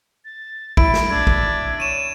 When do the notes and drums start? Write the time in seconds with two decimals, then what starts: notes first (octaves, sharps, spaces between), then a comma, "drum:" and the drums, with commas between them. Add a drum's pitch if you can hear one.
0.25 A6
0.77 E4 D7, drum: kick
0.94 drum: snare
1.10 D4 E5 G#6
1.27 drum: kick
1.80 C#5 D#7 E7